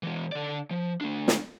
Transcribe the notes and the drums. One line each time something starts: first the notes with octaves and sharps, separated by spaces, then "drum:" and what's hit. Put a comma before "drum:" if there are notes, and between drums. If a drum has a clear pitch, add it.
E3 G#3
D3 D5
F3
A3 D4
drum: snare